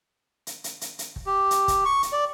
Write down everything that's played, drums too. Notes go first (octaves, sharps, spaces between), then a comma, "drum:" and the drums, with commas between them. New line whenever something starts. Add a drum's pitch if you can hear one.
drum: hi-hat
drum: hi-hat
drum: hi-hat
drum: hi-hat
drum: kick
G4
drum: hi-hat
drum: kick, hi-hat
C#6
drum: hi-hat
D5